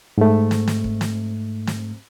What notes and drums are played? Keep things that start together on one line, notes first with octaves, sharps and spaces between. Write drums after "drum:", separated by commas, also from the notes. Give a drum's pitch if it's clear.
G#2 A3
drum: snare
drum: snare
drum: kick
drum: snare
drum: snare